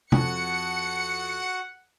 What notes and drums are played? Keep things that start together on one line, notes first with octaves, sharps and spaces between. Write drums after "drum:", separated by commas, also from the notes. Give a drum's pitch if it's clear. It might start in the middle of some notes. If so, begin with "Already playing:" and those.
F2 F#4 F#5 C#7, drum: tom